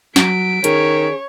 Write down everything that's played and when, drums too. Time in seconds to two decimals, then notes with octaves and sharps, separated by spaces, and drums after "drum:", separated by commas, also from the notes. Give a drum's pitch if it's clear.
0.16 F#3 B6 D7, drum: snare
0.64 D#3 C#4 G#4 C#5, drum: hi-hat